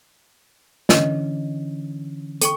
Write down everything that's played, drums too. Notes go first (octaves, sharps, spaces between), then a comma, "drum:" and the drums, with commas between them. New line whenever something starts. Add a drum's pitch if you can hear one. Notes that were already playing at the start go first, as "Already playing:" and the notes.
D3 E3 C#4 D#5, drum: snare
A4 G5 C#6, drum: hi-hat